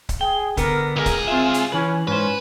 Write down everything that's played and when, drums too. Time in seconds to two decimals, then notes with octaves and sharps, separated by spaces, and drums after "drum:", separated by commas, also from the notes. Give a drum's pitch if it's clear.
0.09 drum: kick C#1, hi-hat
0.21 G#4 G5
0.57 D3 B3 A#4, drum: kick C#1, hi-hat
0.96 C#2 G#4 A#4
1.06 drum: kick C#1, hi-hat
1.28 C4 F4 E5
1.54 drum: hi-hat
1.72 E3 C#4 B4
2.07 G#2 C#4 B4 C5